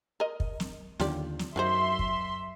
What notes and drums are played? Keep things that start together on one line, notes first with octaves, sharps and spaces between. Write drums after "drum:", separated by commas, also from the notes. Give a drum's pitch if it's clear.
A#4 D#5
drum: kick
drum: snare
D#2 D3 F4 G4 D5, drum: snare
drum: snare
F#2 D#3 F#4 C5 E5 C6
drum: kick